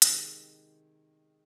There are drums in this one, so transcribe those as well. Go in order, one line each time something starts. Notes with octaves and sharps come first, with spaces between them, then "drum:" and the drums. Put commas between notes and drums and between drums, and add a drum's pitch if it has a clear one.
C3 D#3 G#3, drum: hi-hat